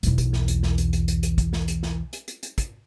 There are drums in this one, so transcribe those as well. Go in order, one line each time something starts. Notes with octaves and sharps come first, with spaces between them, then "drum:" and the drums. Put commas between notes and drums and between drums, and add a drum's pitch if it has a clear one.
B1 E2, drum: hi-hat
drum: kick, hi-hat
drum: snare
drum: hi-hat
drum: snare
drum: hi-hat
drum: hi-hat
drum: hi-hat
drum: hi-hat
drum: kick, hi-hat
drum: snare
drum: hi-hat
drum: snare
drum: hi-hat
drum: hi-hat
drum: hi-hat
drum: kick, hi-hat